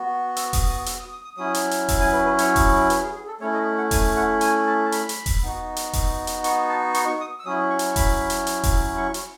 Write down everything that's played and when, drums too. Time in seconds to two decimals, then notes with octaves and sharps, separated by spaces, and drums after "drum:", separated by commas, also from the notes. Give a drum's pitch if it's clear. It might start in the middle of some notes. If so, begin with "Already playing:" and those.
Already playing: B3 F#4
0.37 E6, drum: hi-hat
0.53 D#6, drum: kick E1, open hi-hat
0.69 D#6
0.86 E6, drum: hi-hat
0.99 D#6
1.12 D#6
1.24 D#6
1.37 F#3 C#4 E4 D#6
1.54 drum: hi-hat
1.71 drum: hi-hat
1.89 E6, drum: kick E1, open hi-hat
2.01 G#5
2.13 B4
2.26 B4
2.39 C#5, drum: hi-hat
2.56 drum: kick E1, open hi-hat
2.90 B4, drum: hi-hat
3.03 G#4
3.15 G#4
3.27 A4
3.40 A3 C#4 E4 C#5
3.53 D#5
3.78 F#5
3.91 G#5, drum: kick E1, open hi-hat
4.16 F#5
4.41 G#5, drum: hi-hat
4.67 A5
4.86 A5
4.92 B5, drum: hi-hat
5.09 drum: hi-hat
5.26 drum: kick E1, open hi-hat
5.43 B3 D#4 F#4
5.77 drum: hi-hat
5.93 drum: kick E1, open hi-hat
6.27 drum: hi-hat
6.44 C#6, drum: hi-hat
6.69 A5
6.95 C#6, drum: hi-hat
7.08 C#6
7.21 D#6
7.39 E6
7.45 F#3 C#4 E4 D#6
7.70 C#6
7.79 drum: hi-hat
7.91 C#6
7.96 B5, drum: kick E1, open hi-hat
8.30 drum: hi-hat
8.47 drum: hi-hat
8.63 drum: kick E1, open hi-hat
8.97 C#6
9.14 drum: hi-hat